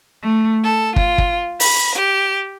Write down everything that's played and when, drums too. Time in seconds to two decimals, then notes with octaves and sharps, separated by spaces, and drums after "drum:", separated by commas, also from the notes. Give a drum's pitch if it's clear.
0.23 A3
0.64 A4
0.96 F4, drum: kick
1.18 drum: kick
1.60 B5, drum: open hi-hat
1.95 G4